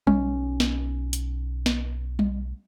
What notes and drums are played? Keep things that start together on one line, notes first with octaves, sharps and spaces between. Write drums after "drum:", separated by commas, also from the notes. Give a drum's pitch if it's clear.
B1 C#4, drum: tom G3
drum: snare
drum: hi-hat
drum: snare
drum: tom G3